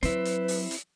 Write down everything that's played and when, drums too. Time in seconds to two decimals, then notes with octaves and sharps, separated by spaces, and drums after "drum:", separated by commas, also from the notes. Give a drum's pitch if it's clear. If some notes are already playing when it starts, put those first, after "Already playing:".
0.03 F#3 C4 E4 B4, drum: hi-hat
0.25 drum: hi-hat
0.48 drum: open hi-hat
0.71 drum: hi-hat